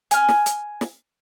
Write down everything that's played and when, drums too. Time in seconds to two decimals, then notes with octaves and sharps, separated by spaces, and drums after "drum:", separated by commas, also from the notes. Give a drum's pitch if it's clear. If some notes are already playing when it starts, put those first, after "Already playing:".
0.11 G#5 F6, drum: hi-hat
0.29 drum: snare
0.46 drum: hi-hat
0.81 drum: snare